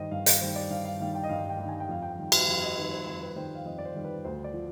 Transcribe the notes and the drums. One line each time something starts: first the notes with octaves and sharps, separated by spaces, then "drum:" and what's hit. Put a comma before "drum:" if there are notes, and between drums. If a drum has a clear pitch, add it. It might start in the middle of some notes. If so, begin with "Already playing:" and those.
Already playing: G2 D#3 G3 C5 D#5
G2 F5
F5, drum: hi-hat
D#3 G3 C5
D5
G2 F5
F5
D#3 G3 F5
G5
D#5
G2 F5
G5
D#3 G3
G#5
G5
F2 F5
G5
D#3 G3
drum: cymbal
F2 F5
D#5
D#3 G3 B4
C5
F2
B4
D#3 G3 C5
F5
F2 D#5
D5
C5
D#3 G3
B4
D2 C5
D5
F3